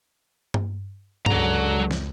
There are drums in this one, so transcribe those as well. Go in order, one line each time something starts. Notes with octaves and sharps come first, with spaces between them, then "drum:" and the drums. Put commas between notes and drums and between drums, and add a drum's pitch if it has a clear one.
drum: tom G2
C#2 F#2 D3 F#3 A#5, drum: tom G2
drum: snare